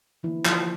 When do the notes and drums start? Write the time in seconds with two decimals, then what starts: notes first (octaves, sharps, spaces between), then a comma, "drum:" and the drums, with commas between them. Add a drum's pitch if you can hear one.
0.23 D3 E3 F3 A#3 E4
0.45 F3 F4, drum: clap